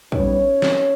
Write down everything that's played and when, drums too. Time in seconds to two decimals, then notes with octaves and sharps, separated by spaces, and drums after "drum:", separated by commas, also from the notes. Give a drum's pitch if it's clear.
0.12 G2 G3 B3 C#4 D#4 C#5, drum: kick
0.62 drum: snare